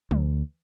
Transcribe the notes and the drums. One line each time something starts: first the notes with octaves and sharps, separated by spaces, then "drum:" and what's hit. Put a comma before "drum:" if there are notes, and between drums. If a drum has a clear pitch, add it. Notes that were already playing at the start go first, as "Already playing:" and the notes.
D2, drum: tom